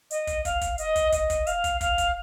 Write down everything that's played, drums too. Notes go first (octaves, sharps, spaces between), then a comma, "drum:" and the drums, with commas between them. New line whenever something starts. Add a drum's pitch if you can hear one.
D#5, drum: hi-hat
drum: kick, hi-hat
F5, drum: kick, hi-hat
drum: kick, hi-hat
D#5, drum: hi-hat
drum: kick, hi-hat
D#5, drum: kick, hi-hat
drum: kick, hi-hat
F5, drum: hi-hat
drum: kick, hi-hat
F5, drum: kick, hi-hat
drum: kick, hi-hat